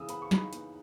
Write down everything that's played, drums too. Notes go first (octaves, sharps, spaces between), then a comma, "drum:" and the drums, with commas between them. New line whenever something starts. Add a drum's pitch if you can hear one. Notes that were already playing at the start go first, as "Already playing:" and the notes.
Already playing: C#3 E3 D#6 E6
B3 B5, drum: hi-hat
C#6
D#4 B5, drum: snare
B3, drum: hi-hat